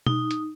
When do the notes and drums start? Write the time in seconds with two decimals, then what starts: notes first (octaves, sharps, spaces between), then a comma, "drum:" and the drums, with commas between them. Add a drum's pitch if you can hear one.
0.06 D#4, drum: tom B2
0.31 drum: hi-hat